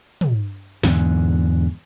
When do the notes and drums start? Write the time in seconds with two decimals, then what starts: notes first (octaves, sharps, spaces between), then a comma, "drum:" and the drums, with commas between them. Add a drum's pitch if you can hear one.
0.21 drum: tom
0.83 E2 G#2 D3, drum: snare